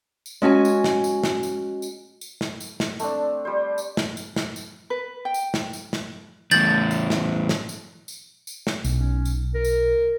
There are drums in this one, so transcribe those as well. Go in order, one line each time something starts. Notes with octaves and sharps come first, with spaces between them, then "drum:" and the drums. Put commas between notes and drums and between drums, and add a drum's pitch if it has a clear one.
drum: tambourine
G#3 C#4 F#4 G#5
drum: tambourine
drum: snare
drum: tambourine
drum: snare
drum: tambourine
drum: tambourine
drum: tambourine
drum: snare
drum: tambourine
drum: snare
A3 C4 D4, drum: tambourine
G3 C5
drum: tambourine
drum: snare
drum: tambourine
drum: snare
drum: tambourine
B4
G5
drum: tambourine
drum: snare
drum: tambourine
drum: snare
E2 A2 G6 A6 F#7, drum: tambourine
drum: tambourine
drum: snare
drum: snare
drum: tambourine
drum: tambourine
drum: tambourine
drum: snare
B1, drum: tambourine
C#4
drum: tambourine
A#4
drum: tambourine